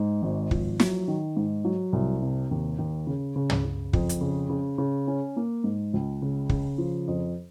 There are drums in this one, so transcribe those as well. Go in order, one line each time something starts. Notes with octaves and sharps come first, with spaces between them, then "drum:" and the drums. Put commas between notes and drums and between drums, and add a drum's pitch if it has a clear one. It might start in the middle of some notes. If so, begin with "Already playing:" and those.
Already playing: G#2
G#1
F3, drum: kick
F#3, drum: snare
D#3
G#2
F#3
C2
C3
D#2
D#2
C#3
C#3
drum: tom
C#3
F2, drum: kick
drum: hi-hat
C#3
C#3
C#3
C#4
A#3
G#2
C#2
C#3
C#3, drum: kick
F3
F2